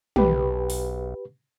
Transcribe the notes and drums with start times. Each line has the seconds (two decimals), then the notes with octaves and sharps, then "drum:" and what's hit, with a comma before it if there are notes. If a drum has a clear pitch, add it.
0.16 B1 G4 B4, drum: tom
0.70 drum: open hi-hat